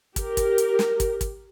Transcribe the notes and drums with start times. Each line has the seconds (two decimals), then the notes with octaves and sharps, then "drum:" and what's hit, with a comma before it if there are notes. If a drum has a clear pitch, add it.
0.16 G4 A#4, drum: kick, hi-hat
0.37 drum: kick, hi-hat
0.58 drum: hi-hat
0.79 drum: snare
1.00 drum: kick, hi-hat
1.21 drum: kick, hi-hat